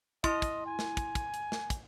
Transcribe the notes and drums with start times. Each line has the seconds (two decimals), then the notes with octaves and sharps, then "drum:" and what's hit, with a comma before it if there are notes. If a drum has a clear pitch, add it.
0.24 E4 D#5 C6, drum: kick, hi-hat
0.42 drum: kick, hi-hat
0.66 G#5
0.79 drum: snare
0.97 drum: kick, hi-hat
1.15 drum: kick, hi-hat
1.34 drum: hi-hat
1.52 drum: snare
1.70 drum: kick, hi-hat